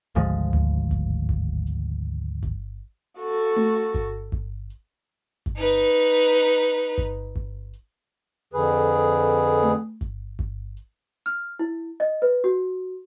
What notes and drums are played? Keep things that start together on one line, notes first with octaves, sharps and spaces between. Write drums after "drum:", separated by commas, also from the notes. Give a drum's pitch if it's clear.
G#1 D2 F3 G#3, drum: hi-hat
drum: tom D2
drum: kick G1, hi-hat
drum: kick G1
drum: hi-hat
drum: kick G1, hi-hat
F#4 A4, drum: hi-hat
drum: tom A3
drum: kick G1, hi-hat
drum: kick G1
drum: hi-hat
drum: kick G1, hi-hat
D#4 B4
drum: hi-hat
drum: kick G1, hi-hat
drum: kick G1
drum: hi-hat
F2 D3 G#4 B4
drum: hi-hat
drum: tom A3
drum: kick G1, hi-hat
drum: kick G1
drum: hi-hat
F6
E4
D#5
B4
F#4